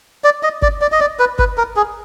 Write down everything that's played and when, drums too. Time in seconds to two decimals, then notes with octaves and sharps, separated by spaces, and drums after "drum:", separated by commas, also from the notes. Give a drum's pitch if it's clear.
0.24 D5
0.43 D#5
0.62 D5, drum: kick G1
0.81 D5
0.92 D#5
1.00 D5
1.19 B4
1.39 B4, drum: kick G1
1.57 A#4
1.76 G#4